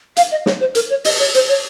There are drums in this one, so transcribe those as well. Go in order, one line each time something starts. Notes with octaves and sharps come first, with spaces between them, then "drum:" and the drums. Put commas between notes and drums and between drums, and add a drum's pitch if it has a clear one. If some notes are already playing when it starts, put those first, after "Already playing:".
F5, drum: hi-hat
D#5
C#5, drum: snare
C5
A#4, drum: hi-hat
C#5
D#5, drum: open hi-hat
C#5
C5, drum: hi-hat
C#5